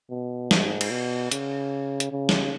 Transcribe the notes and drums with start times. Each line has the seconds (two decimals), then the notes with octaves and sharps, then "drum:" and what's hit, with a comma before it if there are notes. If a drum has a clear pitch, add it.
0.10 B2
0.51 G#2, drum: snare
0.81 drum: cymbal
0.91 B2
1.32 C#3, drum: hi-hat
2.00 drum: hi-hat
2.11 C#3
2.29 drum: snare